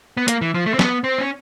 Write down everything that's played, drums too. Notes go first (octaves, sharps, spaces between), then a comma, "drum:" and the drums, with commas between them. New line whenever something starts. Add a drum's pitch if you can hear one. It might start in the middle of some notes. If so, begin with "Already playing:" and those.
B3
A#3, drum: hi-hat
E3
F3
A3
C4
B3, drum: snare
C4
C#4